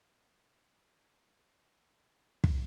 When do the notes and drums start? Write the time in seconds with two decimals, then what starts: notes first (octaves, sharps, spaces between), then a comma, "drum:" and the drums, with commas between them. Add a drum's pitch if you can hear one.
0.05 D#2 A2 C4 C#5 A#5 F#6
0.70 B2 F#3 A#3 C5 E5 F6
1.24 A#4 F#6
2.03 A#2 F#3 G#3 D#4 C#5 E6
2.44 drum: kick